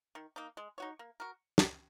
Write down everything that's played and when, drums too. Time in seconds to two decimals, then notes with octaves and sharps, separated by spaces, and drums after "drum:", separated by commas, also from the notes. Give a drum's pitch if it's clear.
0.15 D#3
0.36 A#3 D#4
0.57 G#3
0.78 D#4 F#4 C#5
0.99 A#3
1.20 F#4 A#4
1.58 drum: snare